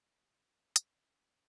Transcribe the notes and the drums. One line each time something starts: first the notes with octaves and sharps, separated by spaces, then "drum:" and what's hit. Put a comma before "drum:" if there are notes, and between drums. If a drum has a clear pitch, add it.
C#4 B4
drum: hi-hat